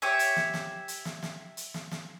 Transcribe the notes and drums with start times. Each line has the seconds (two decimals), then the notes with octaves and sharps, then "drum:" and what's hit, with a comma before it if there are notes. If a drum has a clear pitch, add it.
0.02 G4 C#5 E5 G#5
0.19 drum: hi-hat
0.36 drum: snare
0.54 drum: snare
0.88 drum: hi-hat
1.05 drum: snare
1.23 drum: snare
1.57 drum: hi-hat
1.74 drum: snare
1.91 drum: snare